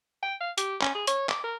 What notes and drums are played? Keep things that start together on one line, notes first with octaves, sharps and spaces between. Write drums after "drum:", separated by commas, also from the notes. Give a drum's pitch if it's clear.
G5
F5
G4, drum: hi-hat
C#4, drum: clap
G#4
C#5, drum: hi-hat
D6, drum: clap
A#4